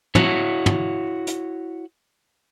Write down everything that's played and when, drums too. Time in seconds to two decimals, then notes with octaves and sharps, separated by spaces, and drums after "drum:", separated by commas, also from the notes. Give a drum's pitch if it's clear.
0.15 E4 F#4 C#5, drum: tom
0.66 drum: tom
1.27 drum: hi-hat